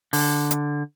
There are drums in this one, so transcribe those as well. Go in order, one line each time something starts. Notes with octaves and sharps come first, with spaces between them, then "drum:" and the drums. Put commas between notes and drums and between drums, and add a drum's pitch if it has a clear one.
D3, drum: open hi-hat
drum: hi-hat